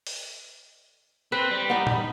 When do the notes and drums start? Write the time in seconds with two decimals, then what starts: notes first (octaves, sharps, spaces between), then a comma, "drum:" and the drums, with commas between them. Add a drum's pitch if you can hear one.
0.07 drum: open hi-hat
1.32 C4 B4
1.51 G3
1.70 B3 D#4
1.87 drum: tom A#2